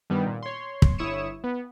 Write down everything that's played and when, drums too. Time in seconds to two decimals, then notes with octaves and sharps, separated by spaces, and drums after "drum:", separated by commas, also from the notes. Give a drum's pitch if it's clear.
0.10 G2 D#3 G3 B3
0.26 A#2
0.43 C#5 C6
0.82 drum: kick
0.98 G1 E4 C#5 D#6 C#7 E7
1.44 B3